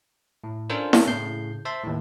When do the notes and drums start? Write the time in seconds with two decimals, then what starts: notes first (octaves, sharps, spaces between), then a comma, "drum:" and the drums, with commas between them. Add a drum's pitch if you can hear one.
0.44 A2
0.70 C#4 D4 F4 A4 A#4 C5
0.93 drum: snare E4
1.07 A2 C#3 G6 C7
1.65 C5 E5 A5 C6
1.84 D#2 A2